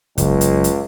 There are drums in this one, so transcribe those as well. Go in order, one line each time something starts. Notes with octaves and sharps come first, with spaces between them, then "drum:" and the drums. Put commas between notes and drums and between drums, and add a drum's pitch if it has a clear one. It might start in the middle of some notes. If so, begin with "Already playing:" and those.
F#1 C#2, drum: kick, hi-hat
drum: hi-hat
drum: hi-hat